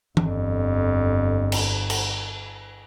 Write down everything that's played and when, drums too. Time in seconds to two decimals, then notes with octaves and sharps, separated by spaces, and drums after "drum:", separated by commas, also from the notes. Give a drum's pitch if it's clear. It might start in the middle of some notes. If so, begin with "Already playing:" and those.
0.17 G1 F2, drum: tom E3
1.52 drum: cymbal
1.90 drum: cymbal